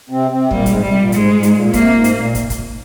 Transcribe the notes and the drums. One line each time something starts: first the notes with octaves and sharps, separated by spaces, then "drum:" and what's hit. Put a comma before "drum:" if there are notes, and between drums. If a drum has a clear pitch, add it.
C3 C4
C3 C4
A#2 G3 A#3, drum: kick
G#2 G#3, drum: kick, hi-hat
C3 G3
A#2
G#2 G#3, drum: hi-hat
G#2
drum: hi-hat
A#2
C3 A#3, drum: kick, hi-hat
G#2
drum: hi-hat
A#2
drum: kick, hi-hat
drum: kick, hi-hat